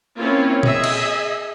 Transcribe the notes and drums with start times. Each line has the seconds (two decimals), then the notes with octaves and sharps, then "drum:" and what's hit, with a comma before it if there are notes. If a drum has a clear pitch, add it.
0.18 A#3 C4 C#4 E4 F4
0.63 G#4 D#5 E5, drum: tom A#2
0.84 drum: cymbal